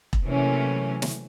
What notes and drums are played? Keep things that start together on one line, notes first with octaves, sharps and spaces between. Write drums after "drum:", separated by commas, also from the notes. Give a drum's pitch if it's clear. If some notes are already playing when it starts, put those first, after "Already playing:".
drum: kick E1
C3 E3 F#3 A3 A#3 C#4
drum: snare